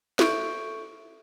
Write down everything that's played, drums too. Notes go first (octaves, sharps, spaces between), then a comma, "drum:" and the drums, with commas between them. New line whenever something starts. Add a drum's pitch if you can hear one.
A4 E5 C#6 G6 D7, drum: snare